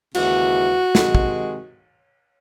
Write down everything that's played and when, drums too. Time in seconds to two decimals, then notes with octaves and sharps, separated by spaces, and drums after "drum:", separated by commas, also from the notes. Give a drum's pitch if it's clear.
0.14 D#2 C#3 E3 G#3 F#4, drum: cymbal
0.95 C3 D#3 G#3, drum: snare
1.15 drum: kick